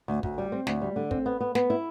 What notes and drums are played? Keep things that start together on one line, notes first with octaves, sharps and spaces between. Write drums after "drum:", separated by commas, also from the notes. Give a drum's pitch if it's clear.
D2
D2, drum: kick
G3
C4
D2, drum: snare
G3
D3
C4, drum: kick
B3
B3
B3, drum: snare
E4